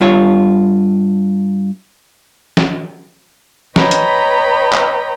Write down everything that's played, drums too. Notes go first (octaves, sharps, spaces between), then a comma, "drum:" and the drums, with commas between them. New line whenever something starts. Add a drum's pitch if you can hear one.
G2 F4 C#5
drum: snare
B4 C#5 D#5 G5 A#5 B5, drum: snare
drum: hi-hat
drum: clap